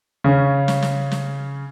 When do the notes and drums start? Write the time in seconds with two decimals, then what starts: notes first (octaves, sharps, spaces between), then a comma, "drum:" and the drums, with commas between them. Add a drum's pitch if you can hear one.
0.24 C#3 C#4
0.68 drum: snare
0.82 drum: snare
1.11 drum: snare